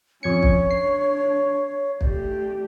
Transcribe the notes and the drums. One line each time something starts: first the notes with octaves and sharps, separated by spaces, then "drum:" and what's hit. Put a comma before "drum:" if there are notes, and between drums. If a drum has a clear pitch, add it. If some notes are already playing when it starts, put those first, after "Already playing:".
F2 C#4 C#5 G#6 C#7
drum: kick
D4 C7
A3 G4 D5, drum: kick